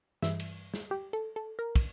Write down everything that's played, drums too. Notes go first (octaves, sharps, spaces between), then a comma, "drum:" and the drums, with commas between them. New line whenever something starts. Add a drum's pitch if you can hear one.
G2 E3 G3 E5, drum: snare
drum: cymbal
drum: snare
G4
A4
A4
A#4
drum: kick, cymbal